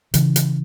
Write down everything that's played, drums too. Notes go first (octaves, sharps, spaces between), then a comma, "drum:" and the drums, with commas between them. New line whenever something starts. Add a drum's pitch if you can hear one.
C#3 E3, drum: hi-hat
drum: hi-hat